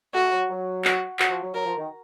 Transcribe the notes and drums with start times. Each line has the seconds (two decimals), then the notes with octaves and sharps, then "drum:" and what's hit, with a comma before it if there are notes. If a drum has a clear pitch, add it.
0.14 A3 F#4
0.32 F#3
0.50 F#3
0.85 F#4, drum: clap
1.19 F#3 F#4, drum: clap
1.30 F3
1.43 F#3
1.54 F#3 A#4
1.66 F3
1.78 D#3